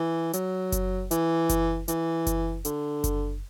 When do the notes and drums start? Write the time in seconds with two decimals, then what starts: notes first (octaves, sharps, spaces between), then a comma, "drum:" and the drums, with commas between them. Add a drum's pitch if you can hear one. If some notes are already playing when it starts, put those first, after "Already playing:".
Already playing: E3
0.33 F#3, drum: hi-hat
0.72 drum: kick F#1, hi-hat
1.11 E3, drum: hi-hat
1.49 drum: kick F#1, hi-hat
1.88 E3, drum: hi-hat
2.27 drum: kick F#1, hi-hat
2.65 D3, drum: hi-hat
3.04 drum: kick F#1, hi-hat